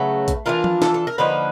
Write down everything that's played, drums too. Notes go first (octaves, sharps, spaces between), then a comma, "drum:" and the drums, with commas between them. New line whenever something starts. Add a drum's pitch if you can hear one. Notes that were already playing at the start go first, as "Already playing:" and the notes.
Already playing: C#3 F#3 A3 B4
drum: kick A#1, hi-hat
E3 A3 D4 F4 A#4
drum: tom F3
A4, drum: snare
A4
A#4
D3 F3 A#3 D#4 B4